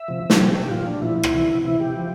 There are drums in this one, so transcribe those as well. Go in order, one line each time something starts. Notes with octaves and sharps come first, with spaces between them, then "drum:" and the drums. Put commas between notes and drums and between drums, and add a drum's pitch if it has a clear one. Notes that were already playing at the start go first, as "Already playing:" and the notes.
Already playing: E5
C3 F3
drum: snare
C3 F3 G4
G4
A#2 F3 F4
D4
A#2 F3 E4
drum: rim click
C3 E3
C3 E3 E4
G4
F3